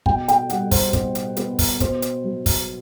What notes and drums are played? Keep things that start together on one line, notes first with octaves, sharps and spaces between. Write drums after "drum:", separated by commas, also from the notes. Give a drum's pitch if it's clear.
B2 G5, drum: kick
G5, drum: hi-hat
G3 F#5, drum: hi-hat
C5, drum: kick, open hi-hat
B2, drum: kick, hi-hat
drum: hi-hat
B3, drum: hi-hat
drum: kick, open hi-hat
B2 C5, drum: kick, hi-hat
drum: hi-hat
F#3
drum: kick, open hi-hat